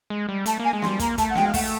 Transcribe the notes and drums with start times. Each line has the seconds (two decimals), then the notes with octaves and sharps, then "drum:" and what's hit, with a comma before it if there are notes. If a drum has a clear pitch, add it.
0.10 G#3
0.29 G3
0.46 A3 A5, drum: hi-hat
0.60 A#3 G#5
0.73 G#3
0.82 C6, drum: snare
0.87 G3
0.99 A#3 A#5, drum: kick, hi-hat
1.18 A3 A5, drum: kick, hi-hat
1.29 F#5
1.35 G#3 G5, drum: snare
1.45 F5
1.54 A3 F#5, drum: kick, open hi-hat